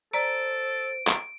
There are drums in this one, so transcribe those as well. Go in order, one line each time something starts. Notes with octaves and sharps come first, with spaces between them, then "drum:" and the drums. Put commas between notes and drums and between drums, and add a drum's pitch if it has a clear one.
A4 C5 D5 A#5 D7
drum: clap